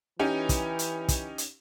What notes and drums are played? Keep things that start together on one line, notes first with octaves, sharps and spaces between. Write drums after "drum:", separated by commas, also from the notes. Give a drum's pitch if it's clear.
E3 C#4 D#4 G4
drum: kick, hi-hat
drum: hi-hat
drum: kick, hi-hat
drum: hi-hat